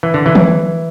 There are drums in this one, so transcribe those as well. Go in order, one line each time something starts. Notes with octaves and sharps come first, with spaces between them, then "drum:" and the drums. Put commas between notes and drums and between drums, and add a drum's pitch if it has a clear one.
E3
D3
E3
drum: tom